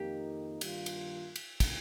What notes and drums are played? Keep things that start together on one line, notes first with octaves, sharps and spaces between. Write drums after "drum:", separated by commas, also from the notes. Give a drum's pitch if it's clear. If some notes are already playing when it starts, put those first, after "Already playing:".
Already playing: F2 D#3 A#3 D#4 G4
G2 D#3 G3 A#3 F4, drum: cymbal
drum: cymbal
drum: cymbal
drum: kick, cymbal